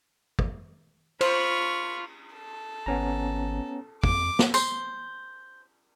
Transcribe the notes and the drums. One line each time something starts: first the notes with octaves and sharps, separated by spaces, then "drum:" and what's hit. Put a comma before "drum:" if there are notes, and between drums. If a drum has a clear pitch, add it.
drum: kick
F4 C5 B5 C#6, drum: cymbal
A4
G#1 B3 C#4 A#5
F2 D6, drum: kick
drum: snare
C5, drum: tambourine